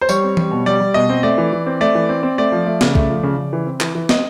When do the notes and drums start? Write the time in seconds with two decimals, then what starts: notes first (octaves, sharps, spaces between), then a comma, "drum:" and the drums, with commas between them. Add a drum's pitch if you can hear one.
0.01 C5
0.09 G3 C#5, drum: tambourine
0.24 C4
0.37 G3, drum: tom E3
0.51 B2
0.66 G3 D5
0.80 G3
0.94 B2 D#5
1.10 C4
1.23 A3 D5
1.38 E3
1.53 E3
1.66 C4
1.81 A3 D5
1.95 E3
2.09 C4
2.23 C4
2.38 A3 D5
2.52 F3
2.67 A3
2.81 C#3, drum: snare
2.95 A3, drum: kick
3.10 F3
3.23 C#3
3.37 C#3
3.53 E3
3.67 C4
3.81 E3, drum: clap
3.95 E3
4.09 C4 D#5, drum: snare